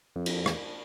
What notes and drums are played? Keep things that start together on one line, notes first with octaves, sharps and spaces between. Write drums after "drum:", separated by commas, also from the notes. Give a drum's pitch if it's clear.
F2
drum: cymbal
E2, drum: rim click